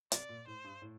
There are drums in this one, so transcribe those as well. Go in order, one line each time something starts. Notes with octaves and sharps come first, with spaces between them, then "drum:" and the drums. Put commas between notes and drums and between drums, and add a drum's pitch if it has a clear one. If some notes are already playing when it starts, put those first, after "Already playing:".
C3 D5, drum: hi-hat
A#2
A2 C5
G2
A2